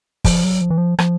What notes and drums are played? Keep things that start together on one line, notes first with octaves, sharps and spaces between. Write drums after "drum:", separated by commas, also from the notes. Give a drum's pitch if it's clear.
F3, drum: kick, open hi-hat
F#3
F3
E3
F3
F3, drum: rim click